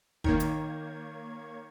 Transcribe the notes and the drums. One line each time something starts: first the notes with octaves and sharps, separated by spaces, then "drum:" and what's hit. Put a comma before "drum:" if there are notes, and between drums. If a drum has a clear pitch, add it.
D#3 A#3 C#5 G#6, drum: kick
drum: hi-hat